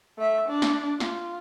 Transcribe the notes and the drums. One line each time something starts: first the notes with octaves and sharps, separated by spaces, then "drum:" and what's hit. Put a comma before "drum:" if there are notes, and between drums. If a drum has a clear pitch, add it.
A3 E5
D4
drum: snare
F4, drum: snare